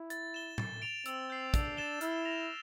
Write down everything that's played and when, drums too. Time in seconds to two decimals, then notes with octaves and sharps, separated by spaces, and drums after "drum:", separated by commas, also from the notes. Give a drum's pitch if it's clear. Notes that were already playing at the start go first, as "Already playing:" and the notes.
Already playing: E4
0.10 A6, drum: hi-hat
0.34 E7 G7
0.58 A6, drum: tom A2
0.82 D7 F7
1.06 C4 E6, drum: hi-hat
1.30 G6 C7
1.54 D4 E6, drum: kick, hi-hat
1.77 A6 E7 G7
2.01 E4 F6, drum: hi-hat
2.25 A#6 F7